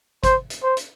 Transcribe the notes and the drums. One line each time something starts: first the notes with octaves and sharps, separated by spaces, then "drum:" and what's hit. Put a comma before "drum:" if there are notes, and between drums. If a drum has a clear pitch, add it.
C5, drum: kick G1, hi-hat
drum: hi-hat
C5
drum: hi-hat